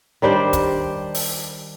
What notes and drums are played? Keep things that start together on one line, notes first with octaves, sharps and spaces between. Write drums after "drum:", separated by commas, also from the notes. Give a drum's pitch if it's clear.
D#3 G3 D4 C5
drum: kick, hi-hat
drum: open hi-hat